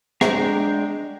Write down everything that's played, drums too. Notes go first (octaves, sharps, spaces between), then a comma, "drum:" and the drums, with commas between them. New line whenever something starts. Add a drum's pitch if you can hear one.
G#3 D4 G5 A#5, drum: rim click